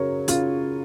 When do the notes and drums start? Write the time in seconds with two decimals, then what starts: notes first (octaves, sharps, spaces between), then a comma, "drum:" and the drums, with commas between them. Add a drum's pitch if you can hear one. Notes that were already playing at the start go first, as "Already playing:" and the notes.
Already playing: C#3 F#3 A#4 C#5
0.28 C#3 F4, drum: hi-hat